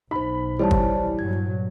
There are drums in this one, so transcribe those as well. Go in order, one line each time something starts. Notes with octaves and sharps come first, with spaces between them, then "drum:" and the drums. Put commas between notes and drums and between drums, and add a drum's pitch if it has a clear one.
B1 D#4 C5 B5
E3 G3 C5 C#5 A5
drum: kick
G2 A#2 F#3 G#6